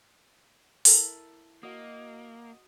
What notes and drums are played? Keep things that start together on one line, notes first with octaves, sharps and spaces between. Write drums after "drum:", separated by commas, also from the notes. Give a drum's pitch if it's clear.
E4 A4 A#4, drum: open hi-hat
A#3 F#4 D#5